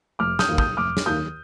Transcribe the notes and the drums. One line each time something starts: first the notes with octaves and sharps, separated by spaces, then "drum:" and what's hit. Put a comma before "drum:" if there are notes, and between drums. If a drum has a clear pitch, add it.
F1 D6 F6
D#6 G6, drum: snare
D#2 D#3 A#3
D#6 G6, drum: kick
F1 D6 F6
drum: snare
D#2 D#3 A#3 D#6 G6